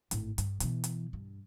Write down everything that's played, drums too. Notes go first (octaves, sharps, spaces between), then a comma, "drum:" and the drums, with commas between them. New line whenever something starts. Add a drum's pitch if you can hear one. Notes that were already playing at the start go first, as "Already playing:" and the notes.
G#1 A2, drum: hi-hat
G2, drum: hi-hat
B2 E3, drum: hi-hat
drum: hi-hat
G2